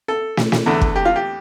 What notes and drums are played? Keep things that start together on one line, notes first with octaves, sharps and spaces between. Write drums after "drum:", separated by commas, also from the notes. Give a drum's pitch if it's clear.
A4
drum: snare
drum: snare
E2 D3 A3
drum: kick
G4
F4
G4